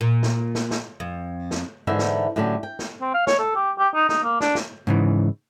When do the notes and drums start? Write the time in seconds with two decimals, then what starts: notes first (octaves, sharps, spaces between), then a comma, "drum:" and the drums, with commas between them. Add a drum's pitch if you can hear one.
0.01 A#2
0.23 drum: snare
0.55 drum: snare
0.71 drum: snare
1.00 F2
1.51 drum: snare
1.87 G#2 D3 E3 D#4 C5 E5
1.99 drum: snare
2.36 A2 D3 F#3 A3 C#4 G4
2.63 G5
2.79 drum: snare
3.01 C4
3.14 F5
3.27 C#5, drum: snare
3.39 A4
3.56 G4
3.78 G4
3.95 D#4
4.09 D#4, drum: snare
4.23 A#3
4.41 D4, drum: snare
4.55 drum: snare
4.87 G#2 C#3 E3